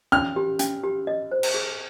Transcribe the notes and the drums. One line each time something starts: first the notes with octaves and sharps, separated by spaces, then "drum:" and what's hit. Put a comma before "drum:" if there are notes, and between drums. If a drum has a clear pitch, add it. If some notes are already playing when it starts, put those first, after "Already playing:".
C#4 F6
G4
C#4, drum: hi-hat
G4
D#5
C5
drum: cymbal
G#4